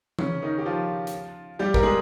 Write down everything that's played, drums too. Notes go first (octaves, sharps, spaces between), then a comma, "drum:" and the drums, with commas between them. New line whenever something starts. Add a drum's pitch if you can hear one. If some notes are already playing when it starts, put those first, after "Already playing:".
C#3 C#4, drum: tom E3
D#3 D#4
G4
F3 F4
drum: hi-hat
G3 G4
A#4, drum: kick
G#3 G#4